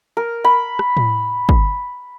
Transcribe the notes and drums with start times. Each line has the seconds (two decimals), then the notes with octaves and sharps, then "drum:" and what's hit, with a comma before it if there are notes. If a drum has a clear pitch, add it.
0.17 A#4
0.44 B5
0.79 drum: rim click
0.97 drum: tom A2
1.49 drum: kick